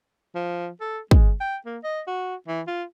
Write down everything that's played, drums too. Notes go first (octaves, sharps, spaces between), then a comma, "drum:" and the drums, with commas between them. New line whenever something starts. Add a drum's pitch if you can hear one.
F3
A4
G#3, drum: kick
G5
A#3
D#5
F#4
E3
F4